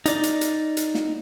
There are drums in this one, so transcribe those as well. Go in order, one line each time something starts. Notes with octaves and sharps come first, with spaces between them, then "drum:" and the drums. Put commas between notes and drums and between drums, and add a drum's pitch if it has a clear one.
D#4 D5, drum: hi-hat
drum: hi-hat
drum: hi-hat
drum: hi-hat
drum: snare